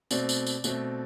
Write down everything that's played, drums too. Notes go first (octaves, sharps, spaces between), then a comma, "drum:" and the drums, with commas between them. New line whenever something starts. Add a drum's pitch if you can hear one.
B2 A3 C4 D5, drum: tambourine
drum: tambourine
drum: tambourine
B2 A3 C4, drum: tambourine